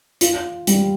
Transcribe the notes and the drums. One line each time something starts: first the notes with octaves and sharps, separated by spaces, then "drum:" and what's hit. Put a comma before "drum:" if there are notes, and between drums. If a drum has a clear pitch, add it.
F4, drum: hi-hat
G3, drum: hi-hat